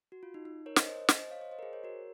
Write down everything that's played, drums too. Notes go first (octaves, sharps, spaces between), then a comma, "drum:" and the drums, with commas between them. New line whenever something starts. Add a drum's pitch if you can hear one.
F#4
F4
D#4
D#4
A#4 C#5
C5 D#5, drum: snare
C5 D#5
C5 D#5, drum: snare
C5 D#5
C#5 F5
C5 D#5
C5 D#5
A#4
G#4 C5
A#4 C#5
F#4 A#4